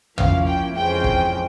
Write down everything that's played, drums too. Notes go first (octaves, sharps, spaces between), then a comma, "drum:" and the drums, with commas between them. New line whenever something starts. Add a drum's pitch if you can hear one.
F3 A#3 C#4 E4 F5, drum: tom
G5
F2 C#3 E3 G#3 C4 G5
drum: kick